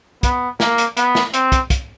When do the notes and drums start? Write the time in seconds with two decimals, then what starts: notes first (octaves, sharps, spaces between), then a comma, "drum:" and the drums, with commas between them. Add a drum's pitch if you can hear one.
0.23 B3, drum: kick, hi-hat
0.60 A#3, drum: snare
0.78 drum: hi-hat
0.97 B3, drum: hi-hat
1.15 drum: snare
1.34 C4, drum: hi-hat
1.52 drum: kick, hi-hat
1.70 drum: kick, hi-hat